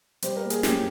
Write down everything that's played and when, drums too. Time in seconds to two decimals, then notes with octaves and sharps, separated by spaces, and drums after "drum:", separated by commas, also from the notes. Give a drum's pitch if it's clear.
0.22 G3 C5, drum: hi-hat
0.36 A#4
0.44 A#3
0.50 G#4, drum: hi-hat
0.63 F#2 G4, drum: snare